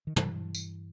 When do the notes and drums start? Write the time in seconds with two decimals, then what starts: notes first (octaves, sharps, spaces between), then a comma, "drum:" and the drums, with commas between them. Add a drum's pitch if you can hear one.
0.07 D#3
0.16 G2 E3, drum: tom
0.54 drum: tambourine